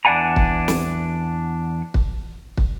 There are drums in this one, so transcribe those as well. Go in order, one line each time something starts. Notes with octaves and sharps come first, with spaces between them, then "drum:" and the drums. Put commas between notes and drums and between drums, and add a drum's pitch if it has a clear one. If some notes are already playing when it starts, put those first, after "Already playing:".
E2 D4 D5 F#5 G#5 A#5
drum: kick
drum: snare
drum: kick
drum: kick